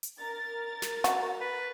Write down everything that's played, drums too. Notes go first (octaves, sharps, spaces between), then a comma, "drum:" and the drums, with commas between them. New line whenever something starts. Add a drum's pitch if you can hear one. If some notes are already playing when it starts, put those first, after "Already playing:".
drum: hi-hat
A#4 A6
drum: snare
F#4, drum: snare
B4